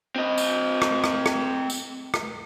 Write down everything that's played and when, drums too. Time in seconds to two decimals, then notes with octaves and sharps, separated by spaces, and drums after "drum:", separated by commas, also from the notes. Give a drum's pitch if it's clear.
0.16 C4 D#5
0.38 drum: tambourine
0.82 drum: rim click
1.04 drum: rim click
1.26 drum: rim click
1.70 drum: tambourine
2.14 drum: rim click